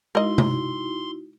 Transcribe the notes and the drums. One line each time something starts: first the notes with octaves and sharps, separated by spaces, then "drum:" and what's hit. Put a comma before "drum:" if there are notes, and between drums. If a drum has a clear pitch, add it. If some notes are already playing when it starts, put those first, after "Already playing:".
G#3 D#4 E4 F#4 A#4 D#5 C6
drum: tom C3